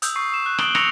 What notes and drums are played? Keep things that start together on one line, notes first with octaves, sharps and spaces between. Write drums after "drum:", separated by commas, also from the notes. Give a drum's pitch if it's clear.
D#6 E6 G6, drum: hi-hat
C#6 C7
E7
F#6
D#6 D7 F#7 G7, drum: rim click
C#6 E6 A#6 C#7 F7, drum: rim click